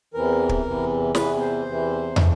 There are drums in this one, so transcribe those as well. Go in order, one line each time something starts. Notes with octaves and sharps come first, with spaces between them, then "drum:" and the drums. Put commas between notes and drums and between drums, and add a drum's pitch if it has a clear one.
E2 C3 E3 A#4
drum: kick
E2 C3 E3
E2 C3 E3 B4, drum: snare
C5
E2 C3 E3
C#3 E3 A3 D4, drum: tom